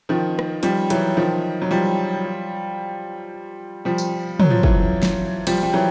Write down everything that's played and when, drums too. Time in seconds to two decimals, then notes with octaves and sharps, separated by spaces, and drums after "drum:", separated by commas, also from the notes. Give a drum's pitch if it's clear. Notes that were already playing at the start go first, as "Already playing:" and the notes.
0.09 D#3 F3
0.39 drum: rim click
0.63 F3 G3, drum: hi-hat
0.90 E3 F#3, drum: hi-hat
1.17 D#3 F3
1.62 F#3
1.71 F3 G3
3.85 F3 G3
3.98 drum: tambourine
4.39 F#3, drum: tom
4.50 F3
4.63 E3 F#3, drum: kick
5.03 drum: snare
5.47 F3 G3, drum: cymbal
5.63 G3
5.73 E3 F#3